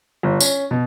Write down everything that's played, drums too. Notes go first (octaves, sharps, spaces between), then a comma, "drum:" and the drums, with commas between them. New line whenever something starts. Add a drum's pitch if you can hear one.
G1
C#4, drum: tambourine
B2